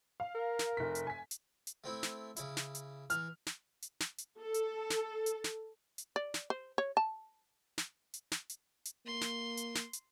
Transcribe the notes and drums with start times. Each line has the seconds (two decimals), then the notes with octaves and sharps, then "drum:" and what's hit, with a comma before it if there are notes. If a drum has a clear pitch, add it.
0.20 F5
0.35 A#4
0.59 drum: snare
0.77 F1 B6
0.95 drum: hi-hat
1.07 G#5 B6
1.31 drum: hi-hat
1.67 drum: hi-hat
1.84 A3 C4 E4
2.03 drum: snare
2.36 C#3 E4, drum: hi-hat
2.57 drum: snare
2.75 drum: hi-hat
3.10 E3 F6, drum: hi-hat
3.46 drum: snare
3.82 drum: hi-hat
4.00 drum: snare
4.18 drum: hi-hat
4.39 A4
4.54 drum: hi-hat
4.90 drum: snare
5.26 drum: hi-hat
5.44 drum: snare
5.98 drum: hi-hat
6.16 D5
6.34 drum: snare
6.50 C5
6.78 C#5
6.97 A5
7.78 drum: snare
8.14 drum: hi-hat
8.32 drum: snare
8.49 drum: hi-hat
8.85 drum: hi-hat
9.06 A#3 C6
9.21 drum: snare
9.57 drum: hi-hat
9.75 drum: snare
9.93 drum: hi-hat